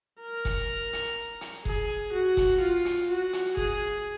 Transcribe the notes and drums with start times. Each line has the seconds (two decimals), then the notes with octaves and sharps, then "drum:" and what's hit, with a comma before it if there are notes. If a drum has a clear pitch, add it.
0.21 A#4
0.45 drum: kick F#1, hi-hat
0.93 drum: hi-hat
1.41 drum: hi-hat
1.65 G#4, drum: kick F#1
2.13 F#4
2.37 drum: kick F#1, hi-hat
2.61 F4
2.85 drum: hi-hat
3.09 F#4
3.33 drum: hi-hat
3.57 G#4, drum: kick F#1